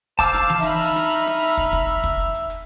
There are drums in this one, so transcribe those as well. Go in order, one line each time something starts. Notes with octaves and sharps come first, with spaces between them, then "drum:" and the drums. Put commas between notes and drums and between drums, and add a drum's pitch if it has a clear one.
C5 F5 A5 D6 E6, drum: kick, hi-hat
drum: snare
drum: tom E3
D#4 E5 B5 F6
drum: open hi-hat
drum: snare
drum: hi-hat
drum: snare
drum: hi-hat
drum: kick, hi-hat
drum: kick
drum: kick, hi-hat
drum: hi-hat
drum: hi-hat
drum: hi-hat